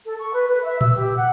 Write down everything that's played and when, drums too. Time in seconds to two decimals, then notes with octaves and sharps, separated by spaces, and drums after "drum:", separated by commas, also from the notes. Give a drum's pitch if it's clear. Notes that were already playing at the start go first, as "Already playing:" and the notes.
0.06 A4
0.20 C#6
0.33 B4
0.47 B4
0.63 E5
0.81 E6, drum: tom A2
0.95 G4
1.16 F#5